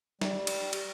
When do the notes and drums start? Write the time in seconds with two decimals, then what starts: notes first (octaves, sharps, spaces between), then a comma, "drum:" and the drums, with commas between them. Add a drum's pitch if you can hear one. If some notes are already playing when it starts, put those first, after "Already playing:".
0.21 G3, drum: snare
0.47 drum: cymbal
0.73 drum: cymbal